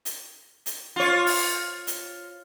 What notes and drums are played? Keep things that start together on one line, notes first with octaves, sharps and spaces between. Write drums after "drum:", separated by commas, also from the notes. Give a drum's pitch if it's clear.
drum: hi-hat
drum: hi-hat
F4 C#5
drum: open hi-hat
drum: hi-hat